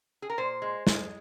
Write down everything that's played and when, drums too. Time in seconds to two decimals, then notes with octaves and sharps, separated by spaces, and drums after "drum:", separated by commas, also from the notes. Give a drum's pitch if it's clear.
0.22 G#4
0.30 A#4
0.38 A#2 C5
0.62 G#3
0.87 G#3, drum: snare